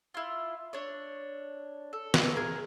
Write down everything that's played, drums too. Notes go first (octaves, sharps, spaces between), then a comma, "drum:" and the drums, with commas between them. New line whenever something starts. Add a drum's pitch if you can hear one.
E4 F4
D4 C#5
A4
drum: snare
G#4 A#4